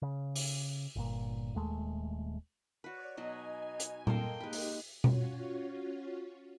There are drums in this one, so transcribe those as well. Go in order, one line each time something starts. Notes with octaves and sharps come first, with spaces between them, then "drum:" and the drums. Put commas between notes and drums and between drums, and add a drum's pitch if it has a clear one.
C#3
drum: open hi-hat
G1 A#2
D#1 D#2 G#3 A3
F#4 B4 C#5 D5
B2 F#3 D#4 D#5 G#5
drum: hi-hat
A#3 A4 A#4 D#5 F5 G5 C6, drum: tom A#2
G#3 D#4 G4 B4
drum: open hi-hat
C#4 F4 F#4 C#5, drum: tom B2